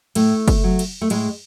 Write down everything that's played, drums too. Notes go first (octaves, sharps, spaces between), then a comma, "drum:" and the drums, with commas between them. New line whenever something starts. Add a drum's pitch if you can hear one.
A2 A3, drum: cymbal
drum: kick, cymbal
F#3
drum: cymbal
A3
A2 G#3, drum: cymbal